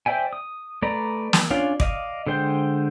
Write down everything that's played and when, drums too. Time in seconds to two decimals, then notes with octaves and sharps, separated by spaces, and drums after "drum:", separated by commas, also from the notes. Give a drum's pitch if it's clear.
0.06 C5 D5 E5 G5 G#5
0.33 D#6
0.82 A3 B4 D5 A#5
1.33 drum: snare
1.51 C#4 D4 F4 D5 F5
1.80 D5 D#5 F5, drum: kick
2.27 D3 G#3 C5 G5